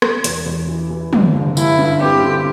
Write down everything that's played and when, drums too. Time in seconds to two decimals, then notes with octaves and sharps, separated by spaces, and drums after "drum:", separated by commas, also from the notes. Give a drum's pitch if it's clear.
0.02 drum: rim click
0.24 E2, drum: hi-hat
0.46 E2
0.68 E3
0.90 E3
1.13 G1, drum: tom
1.34 G1
1.57 G1 E4, drum: tambourine
1.79 G2
2.01 C4 G4
2.23 D3